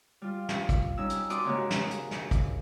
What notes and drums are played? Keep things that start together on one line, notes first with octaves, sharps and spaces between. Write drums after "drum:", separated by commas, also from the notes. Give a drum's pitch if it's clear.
G3 F4
drum: snare
drum: kick, hi-hat
G3 C#4 D#4 E6
drum: hi-hat
F#4 D5 C6 D6 D#6, drum: hi-hat
G#2 C#3 G#3 A#3 F#4 G4
drum: snare
drum: hi-hat
drum: snare
drum: kick, hi-hat